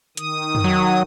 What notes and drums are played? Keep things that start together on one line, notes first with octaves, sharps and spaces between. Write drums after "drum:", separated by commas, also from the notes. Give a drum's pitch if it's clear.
D#3 D#6, drum: hi-hat
drum: tom
F#3